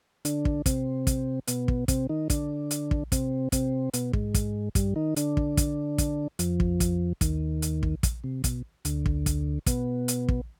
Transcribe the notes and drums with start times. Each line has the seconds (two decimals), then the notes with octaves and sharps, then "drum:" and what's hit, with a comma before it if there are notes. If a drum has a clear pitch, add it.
0.25 D3 D4, drum: hi-hat
0.45 drum: kick
0.66 C3 C4, drum: kick, hi-hat
1.07 drum: kick, hi-hat
1.47 B2 B3, drum: hi-hat
1.68 drum: kick
1.88 C3 C4, drum: kick, hi-hat
2.09 D#3 D#4
2.30 D3 D4, drum: kick, hi-hat
2.71 drum: hi-hat
2.91 drum: kick
3.12 C3 C4, drum: kick, hi-hat
3.52 C3 C4, drum: kick, hi-hat
3.93 B2 B3, drum: hi-hat
4.13 G#2 G#3, drum: kick
4.34 drum: kick, hi-hat
4.75 G2 G3, drum: kick, hi-hat
4.96 D#3 D#4
5.16 D3 D4, drum: hi-hat
5.37 drum: kick
5.57 drum: kick, hi-hat
5.98 drum: kick, hi-hat
6.39 F2 F3, drum: hi-hat
6.60 drum: kick
6.80 drum: kick, hi-hat
7.21 D#2 D#3, drum: kick, hi-hat
7.62 drum: hi-hat
7.83 drum: kick
8.03 drum: kick, hi-hat
8.24 C3
8.44 B2, drum: kick, hi-hat
8.85 D2 D3, drum: hi-hat
9.06 drum: kick
9.26 drum: kick, hi-hat
9.66 B2 B3, drum: kick, hi-hat
10.08 drum: hi-hat
10.29 drum: kick